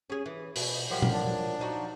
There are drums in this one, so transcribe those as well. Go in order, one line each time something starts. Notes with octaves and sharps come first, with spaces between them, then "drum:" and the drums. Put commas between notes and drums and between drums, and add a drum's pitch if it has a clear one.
C#4 G#4
E3
B2 B3, drum: open hi-hat
A#2 F3 F#3 G4
drum: tom A#2
D4
F3 D#4 F#4